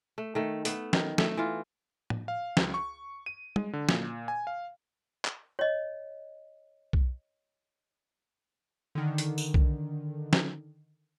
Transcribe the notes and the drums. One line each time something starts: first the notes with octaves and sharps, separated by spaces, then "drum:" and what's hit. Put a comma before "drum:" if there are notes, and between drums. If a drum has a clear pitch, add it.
A3
D#3 A3
A3 B3, drum: hi-hat
D#3, drum: snare
A3, drum: snare
E3 F4
drum: tom A2
F5
C#2, drum: snare
C#6
D#7
G#3, drum: tom
D3
A#2, drum: snare
G#5
F5
drum: clap
C#5 D#5
drum: kick B1
D3 D#3
drum: hi-hat
drum: tambourine
drum: kick B1
drum: snare